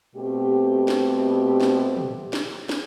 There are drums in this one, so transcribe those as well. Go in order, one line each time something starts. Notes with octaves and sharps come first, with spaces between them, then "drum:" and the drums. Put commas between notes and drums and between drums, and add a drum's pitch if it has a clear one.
B2 A3 C4 G4
drum: snare
drum: snare
drum: tom
drum: snare
drum: snare